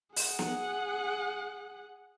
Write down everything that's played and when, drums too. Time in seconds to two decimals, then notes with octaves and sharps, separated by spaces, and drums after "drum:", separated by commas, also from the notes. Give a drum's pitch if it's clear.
0.16 G#4 F#5, drum: open hi-hat
0.39 drum: snare